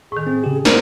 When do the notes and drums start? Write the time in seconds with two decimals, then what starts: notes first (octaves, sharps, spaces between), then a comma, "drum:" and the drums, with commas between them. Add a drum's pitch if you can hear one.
0.12 A2 D#3 G#4
0.27 C4
0.44 C#3 G4
0.65 E4 A#4 C5 D5, drum: snare